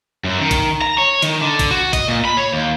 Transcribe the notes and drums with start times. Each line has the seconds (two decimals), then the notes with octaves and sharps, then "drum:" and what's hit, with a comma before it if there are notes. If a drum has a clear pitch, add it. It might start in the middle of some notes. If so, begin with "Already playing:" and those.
0.24 F#2
0.40 D#3
0.51 drum: kick, hi-hat
0.82 A#5
0.98 C#5
1.22 D#3, drum: hi-hat
1.41 D3
1.59 drum: kick, hi-hat
1.71 F#4
1.93 D#5, drum: kick, hi-hat
2.08 A#2
2.25 B5
2.37 C#5
2.52 D#2